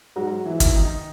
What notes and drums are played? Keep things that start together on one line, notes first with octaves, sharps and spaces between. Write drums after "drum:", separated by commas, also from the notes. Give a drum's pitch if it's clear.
G#2 F#3 F#4
E3 E4
D#3, drum: kick, hi-hat
D#3 D#4